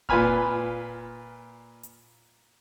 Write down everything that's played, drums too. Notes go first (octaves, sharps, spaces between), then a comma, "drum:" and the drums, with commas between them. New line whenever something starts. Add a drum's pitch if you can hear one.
A#2 F4 B4 G#5 B5 F6, drum: kick F1
drum: hi-hat